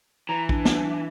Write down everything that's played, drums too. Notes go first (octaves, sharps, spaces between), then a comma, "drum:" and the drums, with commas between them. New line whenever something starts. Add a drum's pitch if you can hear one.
E3 A#5
D4, drum: kick A#1
drum: snare